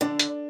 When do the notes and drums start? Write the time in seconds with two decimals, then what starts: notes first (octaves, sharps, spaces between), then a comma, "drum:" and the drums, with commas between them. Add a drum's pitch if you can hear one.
0.01 D3 D4
0.19 drum: hi-hat